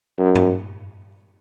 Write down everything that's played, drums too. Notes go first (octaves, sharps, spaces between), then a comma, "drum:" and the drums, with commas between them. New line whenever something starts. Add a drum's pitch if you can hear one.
F#2
drum: tom